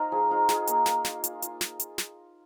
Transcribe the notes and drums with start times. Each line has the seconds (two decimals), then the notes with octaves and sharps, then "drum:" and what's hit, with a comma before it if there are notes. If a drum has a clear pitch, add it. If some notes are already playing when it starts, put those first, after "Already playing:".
Already playing: D#4 F4 A#4 C5 D#5 F5
0.12 F3 G#4
0.31 D#4 F4
0.49 F4 G#4, drum: snare
0.67 A#3, drum: hi-hat
0.86 A#3, drum: snare
1.05 F4, drum: snare
1.24 F4, drum: hi-hat
1.42 F4, drum: hi-hat
1.61 drum: snare
1.80 drum: hi-hat
1.98 drum: snare